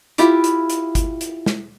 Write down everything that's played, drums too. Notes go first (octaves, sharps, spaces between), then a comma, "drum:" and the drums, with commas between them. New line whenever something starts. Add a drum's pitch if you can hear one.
E4 F4 G4 D6, drum: hi-hat
drum: hi-hat
drum: hi-hat
drum: kick G1, hi-hat
drum: hi-hat
drum: snare